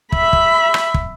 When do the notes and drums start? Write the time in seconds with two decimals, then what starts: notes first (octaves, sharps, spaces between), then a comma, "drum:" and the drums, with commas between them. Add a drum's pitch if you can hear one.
0.12 E5 B5, drum: kick
0.33 drum: kick
0.74 drum: rim click
0.94 drum: kick